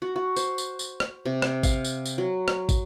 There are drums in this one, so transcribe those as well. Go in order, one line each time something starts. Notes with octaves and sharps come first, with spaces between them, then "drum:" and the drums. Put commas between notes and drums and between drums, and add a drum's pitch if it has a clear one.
F#4
F#4
C5, drum: tambourine
drum: tambourine
drum: tambourine
drum: rim click
C3
drum: rim click
F5, drum: kick, tambourine
drum: tambourine
drum: tambourine
F#3
drum: rim click
drum: kick, tambourine